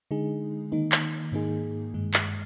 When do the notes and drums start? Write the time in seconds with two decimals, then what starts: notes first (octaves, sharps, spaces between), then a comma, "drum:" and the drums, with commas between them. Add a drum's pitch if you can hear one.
0.11 D3 G#3 D#4 G#4
0.72 D#3 A#3 D#4
0.92 drum: clap
1.32 G#2 D#3 A#3 D#4 G#4
1.94 G2 D#3 G#3
2.14 drum: clap